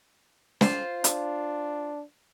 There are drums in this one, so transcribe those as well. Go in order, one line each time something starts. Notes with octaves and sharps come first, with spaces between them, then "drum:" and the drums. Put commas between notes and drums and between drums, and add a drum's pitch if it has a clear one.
F4 C5, drum: snare
D4, drum: hi-hat